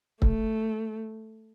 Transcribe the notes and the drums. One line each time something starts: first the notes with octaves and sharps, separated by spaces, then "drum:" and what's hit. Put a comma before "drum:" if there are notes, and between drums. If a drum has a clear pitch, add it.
A3, drum: kick